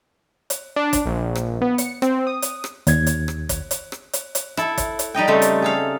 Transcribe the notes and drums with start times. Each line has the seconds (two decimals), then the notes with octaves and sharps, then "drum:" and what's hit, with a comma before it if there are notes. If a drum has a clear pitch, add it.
0.50 drum: hi-hat
0.76 D4
0.93 drum: kick, hi-hat
1.06 A#1
1.35 drum: rim click
1.61 B3
1.78 C#7, drum: hi-hat
2.02 C4, drum: rim click
2.27 D#6
2.42 drum: hi-hat
2.64 drum: rim click
2.87 D#2 G#6, drum: hi-hat
3.07 drum: hi-hat
3.28 drum: rim click
3.49 drum: kick, hi-hat
3.71 drum: hi-hat
3.92 drum: rim click
4.13 drum: hi-hat
4.35 drum: hi-hat
4.57 E4 A4, drum: rim click
4.78 drum: kick, hi-hat
4.99 drum: hi-hat
5.14 G3 D#4 D#5 G5
5.28 C#3 G3 A3 C4 D#4
5.42 drum: hi-hat
5.62 G#4 A4 F5